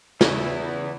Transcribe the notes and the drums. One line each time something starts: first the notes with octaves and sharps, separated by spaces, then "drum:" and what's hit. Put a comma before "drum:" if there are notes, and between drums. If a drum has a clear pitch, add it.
E2 C#3 C#4 E4, drum: snare